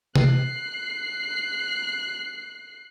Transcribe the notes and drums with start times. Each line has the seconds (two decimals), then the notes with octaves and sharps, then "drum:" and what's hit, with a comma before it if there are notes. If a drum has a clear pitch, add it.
0.15 F#6 C7, drum: tom C3